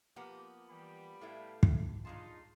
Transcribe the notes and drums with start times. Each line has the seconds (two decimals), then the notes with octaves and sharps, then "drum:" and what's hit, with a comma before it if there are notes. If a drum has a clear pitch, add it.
0.16 F3 A#3 B3 G4
0.70 E3 G3 G4 B5
1.21 A2 A3 E4 F5
1.63 drum: kick
2.05 G2 D#4 F4 G#4 A5 C6